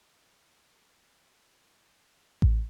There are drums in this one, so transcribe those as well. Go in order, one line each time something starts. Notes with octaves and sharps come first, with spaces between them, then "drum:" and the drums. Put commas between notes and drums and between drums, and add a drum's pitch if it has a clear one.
G#2 E3 A3 D#4 E4
drum: kick A1